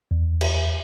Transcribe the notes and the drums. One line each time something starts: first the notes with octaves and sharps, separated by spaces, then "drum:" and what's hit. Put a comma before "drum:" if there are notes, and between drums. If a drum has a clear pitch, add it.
E2
drum: cymbal